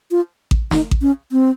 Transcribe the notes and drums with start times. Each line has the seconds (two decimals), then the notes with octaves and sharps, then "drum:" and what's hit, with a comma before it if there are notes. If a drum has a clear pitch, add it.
0.11 F4
0.51 drum: kick A1
0.71 D#4, drum: snare
0.91 drum: kick A1
1.02 C#4
1.32 C4